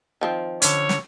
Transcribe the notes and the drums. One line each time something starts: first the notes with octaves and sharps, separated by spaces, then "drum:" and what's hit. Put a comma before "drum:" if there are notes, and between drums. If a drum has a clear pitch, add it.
D#3 F3 C4
D3 C#4 C#5, drum: hi-hat
drum: snare